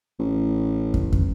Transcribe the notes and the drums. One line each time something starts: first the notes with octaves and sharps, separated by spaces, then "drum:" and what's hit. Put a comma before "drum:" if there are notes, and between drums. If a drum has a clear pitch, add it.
A1
drum: kick
drum: kick